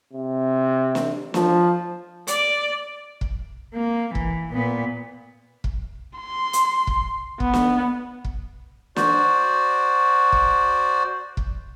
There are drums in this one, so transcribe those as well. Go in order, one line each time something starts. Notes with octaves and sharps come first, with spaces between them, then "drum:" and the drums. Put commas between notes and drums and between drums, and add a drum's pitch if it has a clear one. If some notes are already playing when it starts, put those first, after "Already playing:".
C3
drum: snare
F3, drum: snare
D5, drum: hi-hat
drum: kick
A#3
E3, drum: kick
A#2 B3
drum: kick
C6
drum: hi-hat
drum: kick
B3, drum: kick
drum: snare
drum: kick
F#4 C5 D5, drum: snare
drum: kick
drum: kick